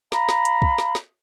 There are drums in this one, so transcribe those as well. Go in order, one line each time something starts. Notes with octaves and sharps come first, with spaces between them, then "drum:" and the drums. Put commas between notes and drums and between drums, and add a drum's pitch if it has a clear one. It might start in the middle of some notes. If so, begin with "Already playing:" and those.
F5 A#5 B5, drum: snare
drum: snare
drum: hi-hat
drum: kick
drum: snare
drum: snare